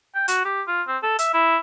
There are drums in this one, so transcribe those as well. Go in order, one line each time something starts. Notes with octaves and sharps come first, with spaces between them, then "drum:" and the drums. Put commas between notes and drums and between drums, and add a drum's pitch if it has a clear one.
G5
F#4, drum: hi-hat
G4
F4
C4
A4
E5, drum: hi-hat
E4